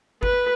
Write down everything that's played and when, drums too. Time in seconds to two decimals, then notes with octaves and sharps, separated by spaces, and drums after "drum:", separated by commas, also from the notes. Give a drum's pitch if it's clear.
0.23 B4, drum: kick G1